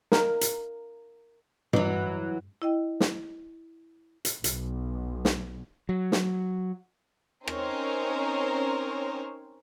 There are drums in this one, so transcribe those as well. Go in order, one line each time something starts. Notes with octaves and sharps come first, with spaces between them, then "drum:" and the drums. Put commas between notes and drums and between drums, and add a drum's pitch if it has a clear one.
A#4, drum: snare
drum: hi-hat
E3 F#3 G3, drum: tom G2
E4 D#5 G5
drum: snare
drum: hi-hat
B1, drum: hi-hat
drum: snare
F#3
drum: snare
C4 C#4 D#4 A#4 C5 C#5, drum: rim click